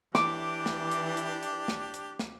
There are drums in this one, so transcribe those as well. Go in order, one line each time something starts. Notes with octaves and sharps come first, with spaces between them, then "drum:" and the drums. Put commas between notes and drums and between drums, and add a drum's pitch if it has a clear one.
E3 D4 G4 D6, drum: snare
drum: snare
drum: hi-hat
drum: hi-hat
drum: hi-hat
drum: snare
drum: hi-hat
drum: snare